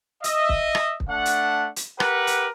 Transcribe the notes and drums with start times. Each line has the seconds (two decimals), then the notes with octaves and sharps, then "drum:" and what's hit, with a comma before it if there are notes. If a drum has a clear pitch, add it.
0.24 D#5 E5, drum: hi-hat
0.49 drum: kick
0.75 drum: rim click
1.00 drum: kick
1.10 A3 D4 F#5
1.25 drum: hi-hat
1.76 drum: hi-hat
2.00 G4 A#4 B4 F#5, drum: rim click
2.27 drum: hi-hat